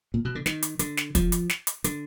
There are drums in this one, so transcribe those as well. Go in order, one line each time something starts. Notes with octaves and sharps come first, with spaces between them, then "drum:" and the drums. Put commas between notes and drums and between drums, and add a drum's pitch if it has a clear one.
A#2
B2
D3
D#3, drum: snare
drum: hi-hat
D3, drum: hi-hat
drum: snare
F3, drum: kick, hi-hat
drum: hi-hat
drum: snare
drum: hi-hat
D3, drum: hi-hat